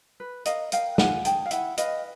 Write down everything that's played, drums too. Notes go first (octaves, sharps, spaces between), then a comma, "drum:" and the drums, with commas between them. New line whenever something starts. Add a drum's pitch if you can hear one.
B4
A#4 D#5 F5, drum: hi-hat
A#4 F5 G5, drum: hi-hat
F4 F#5 G#5, drum: snare
G#4 G5 A5, drum: hi-hat
F5
E4 E5 F#5, drum: hi-hat
B4 D#5 F5, drum: hi-hat